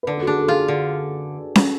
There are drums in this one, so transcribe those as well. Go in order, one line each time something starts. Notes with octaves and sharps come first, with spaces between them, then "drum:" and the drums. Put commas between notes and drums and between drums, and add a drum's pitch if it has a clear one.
B4
D3 A4
A4
F#4
D4 G#4
A4
F4 G#4
D3
drum: snare C#4